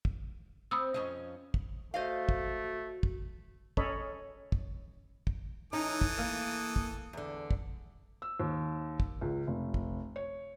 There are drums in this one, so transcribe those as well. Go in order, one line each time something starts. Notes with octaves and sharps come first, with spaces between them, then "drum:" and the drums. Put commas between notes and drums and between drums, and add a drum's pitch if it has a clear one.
drum: kick
C4 B5 D#6 E6
F2 C#4 D#5
drum: kick
A3 F#4 C5 D#5 F5
drum: kick
drum: kick
C#4 A4 C#5 D#5 B5, drum: kick
drum: kick
drum: kick
E3 C#4 D#4 A4 D#6
drum: kick
A#3
drum: kick
E2 D3
drum: kick
E6
D#2
drum: kick
C#2
F1
drum: kick
C#5